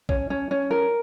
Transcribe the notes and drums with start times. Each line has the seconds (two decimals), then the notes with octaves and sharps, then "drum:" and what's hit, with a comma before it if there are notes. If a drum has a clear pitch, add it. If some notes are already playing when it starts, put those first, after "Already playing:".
0.09 C#4, drum: kick A#1
0.30 C#4
0.51 C#4
0.71 A#4